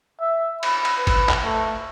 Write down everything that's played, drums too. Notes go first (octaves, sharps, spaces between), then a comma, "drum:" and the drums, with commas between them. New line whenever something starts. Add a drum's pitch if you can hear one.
E5
B5, drum: cymbal
drum: cymbal
B4
drum: kick, cymbal
drum: clap
A3